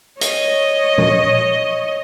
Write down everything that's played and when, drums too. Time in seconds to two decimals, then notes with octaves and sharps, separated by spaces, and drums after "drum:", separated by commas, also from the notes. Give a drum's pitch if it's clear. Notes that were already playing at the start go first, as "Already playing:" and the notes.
0.21 C#5 D#5, drum: hi-hat
0.98 drum: tom A#2